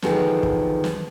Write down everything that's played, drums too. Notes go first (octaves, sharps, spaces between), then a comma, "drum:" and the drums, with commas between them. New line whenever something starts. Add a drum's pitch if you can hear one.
E2 D3 D#3 F3 F#4 G#4, drum: snare
drum: kick
drum: snare